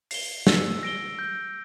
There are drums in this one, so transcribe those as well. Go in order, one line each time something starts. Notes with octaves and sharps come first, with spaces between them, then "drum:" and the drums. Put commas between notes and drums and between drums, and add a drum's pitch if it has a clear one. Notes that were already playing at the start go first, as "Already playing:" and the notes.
C7 G7, drum: open hi-hat
E6, drum: snare
A#6 D7 G7
G6